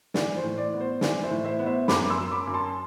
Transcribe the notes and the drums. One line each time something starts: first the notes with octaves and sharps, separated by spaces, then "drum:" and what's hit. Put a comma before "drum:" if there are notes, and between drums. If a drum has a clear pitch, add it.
E3 D5, drum: snare
C5
A2
D5
B3
C5
E3 D5, drum: snare
C5 E5
A2
C5 E5
B3
C5 E5
F#2 B5 D6, drum: snare
C6 E6
F#2
B5 D6
F#2
A5 C6